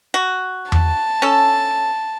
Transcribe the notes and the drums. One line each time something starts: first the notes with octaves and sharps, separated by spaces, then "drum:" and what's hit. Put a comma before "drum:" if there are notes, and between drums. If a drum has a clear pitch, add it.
F#4
A5, drum: tom E2
C#4 A4